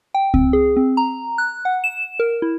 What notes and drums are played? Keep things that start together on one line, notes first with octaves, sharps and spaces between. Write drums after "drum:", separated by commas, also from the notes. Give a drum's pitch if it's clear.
G5
C4, drum: kick C#2
G#4
C4
A#5
F#6
F#5
E7
A#4
E4